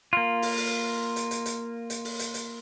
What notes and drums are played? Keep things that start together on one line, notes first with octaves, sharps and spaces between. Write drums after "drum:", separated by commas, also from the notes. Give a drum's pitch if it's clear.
A#3 F4
drum: open hi-hat
drum: open hi-hat
drum: hi-hat
drum: hi-hat
drum: hi-hat
drum: hi-hat
drum: open hi-hat
drum: hi-hat
drum: hi-hat